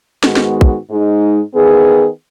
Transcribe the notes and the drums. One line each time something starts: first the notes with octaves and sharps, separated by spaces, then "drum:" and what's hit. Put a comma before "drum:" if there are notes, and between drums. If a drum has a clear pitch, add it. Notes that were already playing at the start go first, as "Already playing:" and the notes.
G#2 D#3 G#3 B3 F#4, drum: snare
drum: snare
drum: kick
G#2 G#3 D#4
D#3 B3 G#4